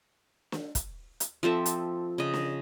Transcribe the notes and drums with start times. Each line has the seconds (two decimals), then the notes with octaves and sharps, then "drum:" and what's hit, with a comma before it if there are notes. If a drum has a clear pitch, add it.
0.52 drum: snare
0.75 drum: kick, hi-hat
1.20 drum: hi-hat
1.43 F3 C4 A4 E5
1.66 drum: hi-hat
2.18 C#3 D#5
2.34 drum: snare